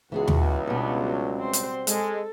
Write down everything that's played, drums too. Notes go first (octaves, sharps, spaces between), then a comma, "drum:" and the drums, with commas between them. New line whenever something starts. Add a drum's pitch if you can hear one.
C#2 E3 B3 F#4 G#4
drum: tom D#2
B2 G3 B3 D4
F#3
C4 C5
drum: hi-hat
G#3 A4, drum: hi-hat